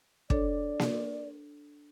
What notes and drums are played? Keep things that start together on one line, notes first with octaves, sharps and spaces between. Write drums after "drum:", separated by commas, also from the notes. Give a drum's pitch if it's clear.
D4 A4 C#5 D5, drum: kick
drum: snare A#3